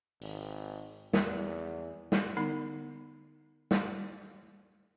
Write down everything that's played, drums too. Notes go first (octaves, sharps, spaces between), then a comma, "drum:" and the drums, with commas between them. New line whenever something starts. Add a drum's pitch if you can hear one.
G#1, drum: open hi-hat
E2, drum: snare
drum: snare
D3 B3 D#4 B5
drum: snare